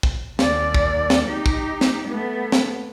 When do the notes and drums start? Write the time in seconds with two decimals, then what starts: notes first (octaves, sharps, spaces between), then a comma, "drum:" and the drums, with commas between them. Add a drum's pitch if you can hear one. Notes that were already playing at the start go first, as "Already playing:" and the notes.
0.03 drum: kick
0.39 D#2 D5, drum: snare
0.75 drum: kick
1.10 drum: snare
1.29 D#4 G4
1.46 drum: kick
1.81 drum: snare
2.09 A3 B3
2.52 drum: snare